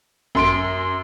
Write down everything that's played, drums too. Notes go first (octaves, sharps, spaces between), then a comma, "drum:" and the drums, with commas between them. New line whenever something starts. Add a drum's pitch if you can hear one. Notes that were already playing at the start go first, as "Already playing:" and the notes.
F#2 C6 D7, drum: kick